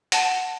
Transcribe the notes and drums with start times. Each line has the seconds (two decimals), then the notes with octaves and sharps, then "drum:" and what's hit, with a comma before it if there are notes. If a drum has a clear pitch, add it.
0.12 F#5 A5, drum: hi-hat